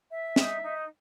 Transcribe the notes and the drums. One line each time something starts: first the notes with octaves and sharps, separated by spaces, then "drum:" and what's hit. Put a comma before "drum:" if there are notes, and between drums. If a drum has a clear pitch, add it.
E5
D#4, drum: snare
D#4